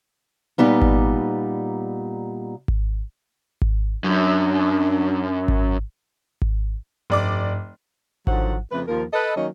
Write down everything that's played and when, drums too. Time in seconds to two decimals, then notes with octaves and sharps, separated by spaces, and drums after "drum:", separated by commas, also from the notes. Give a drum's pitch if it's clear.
0.58 A#2 G3 B3 D#4
0.82 drum: kick G#1
2.68 drum: kick G#1
3.62 drum: kick G#1
4.04 F#2 D4
5.48 drum: kick G#1
6.42 drum: kick G#1
7.10 F1 G2 D5 D6
8.27 D3 D#3 F3 F#3 C5 F#5, drum: kick G#1
8.72 F2 C#3 A3 B4
8.88 D#2 F3 A#4
9.13 A4 B4 D#5
9.36 D#3 F#3 A#3 C#4 C#5 D#5